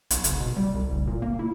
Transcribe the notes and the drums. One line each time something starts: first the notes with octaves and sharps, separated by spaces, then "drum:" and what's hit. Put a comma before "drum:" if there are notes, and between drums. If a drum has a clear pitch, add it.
B1, drum: hi-hat
F#1, drum: hi-hat
B2
G3
C2
F#1
A#2
A#3
E4